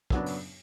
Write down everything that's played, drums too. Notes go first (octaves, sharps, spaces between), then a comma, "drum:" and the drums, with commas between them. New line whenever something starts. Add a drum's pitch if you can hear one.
F#2 C#3 F#3 B3 D4, drum: kick
drum: open hi-hat